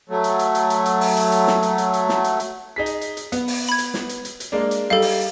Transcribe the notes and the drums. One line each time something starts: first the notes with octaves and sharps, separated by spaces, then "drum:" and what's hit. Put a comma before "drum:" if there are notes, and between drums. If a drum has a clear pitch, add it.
F#3 A3
drum: hi-hat
drum: hi-hat
drum: hi-hat
drum: hi-hat
drum: hi-hat
drum: open hi-hat
drum: hi-hat
drum: hi-hat
drum: snare
drum: hi-hat
drum: hi-hat
drum: hi-hat
drum: snare
drum: hi-hat
drum: hi-hat
D#4 G#4 B6
drum: hi-hat
drum: hi-hat
drum: hi-hat
B3, drum: hi-hat
drum: open hi-hat
B5 G#6
drum: hi-hat
drum: snare
drum: hi-hat
drum: hi-hat
drum: hi-hat
G#3 A#3 D4
drum: hi-hat
G3 D#4 A4 F5
drum: open hi-hat